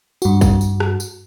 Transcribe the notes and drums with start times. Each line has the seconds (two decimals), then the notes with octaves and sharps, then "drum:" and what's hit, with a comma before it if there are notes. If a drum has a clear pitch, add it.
0.22 G2 F#4, drum: tambourine
0.41 drum: kick, tambourine
0.61 drum: tambourine
0.80 drum: rim click
1.00 drum: tambourine